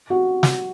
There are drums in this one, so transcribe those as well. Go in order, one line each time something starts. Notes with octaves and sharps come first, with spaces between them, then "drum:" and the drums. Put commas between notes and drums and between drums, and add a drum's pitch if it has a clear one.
F#4
drum: snare